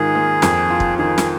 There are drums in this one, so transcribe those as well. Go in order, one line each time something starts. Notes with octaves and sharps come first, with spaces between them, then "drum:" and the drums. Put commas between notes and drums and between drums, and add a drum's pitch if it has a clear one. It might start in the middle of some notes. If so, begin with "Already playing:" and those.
Already playing: G#2 D#3 F4 G#4
A#3
F2, drum: snare
F4
drum: kick
D#3 G#4
drum: snare